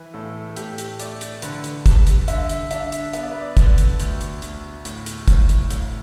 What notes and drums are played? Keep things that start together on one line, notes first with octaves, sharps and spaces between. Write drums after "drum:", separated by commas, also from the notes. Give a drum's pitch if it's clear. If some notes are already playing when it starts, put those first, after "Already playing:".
Already playing: E3 B4
A2 A4
A4
A2 G4, drum: hi-hat
drum: hi-hat
A3 D5, drum: hi-hat
drum: hi-hat
D3 B4, drum: hi-hat
drum: hi-hat
G3, drum: kick, hi-hat
drum: hi-hat
D3 E5, drum: hi-hat
drum: hi-hat
D4 E5, drum: hi-hat
drum: hi-hat
B3 E5, drum: hi-hat
D5
B4
D5
D3, drum: kick, hi-hat
drum: hi-hat
D2, drum: hi-hat
drum: hi-hat
D2, drum: hi-hat
A2, drum: hi-hat
drum: hi-hat
A2, drum: kick, hi-hat
drum: hi-hat
A2, drum: hi-hat